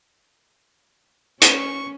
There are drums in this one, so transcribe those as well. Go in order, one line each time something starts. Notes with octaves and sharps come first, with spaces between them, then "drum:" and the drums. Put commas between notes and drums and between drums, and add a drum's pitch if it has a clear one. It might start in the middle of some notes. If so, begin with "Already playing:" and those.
C#4 C#6, drum: hi-hat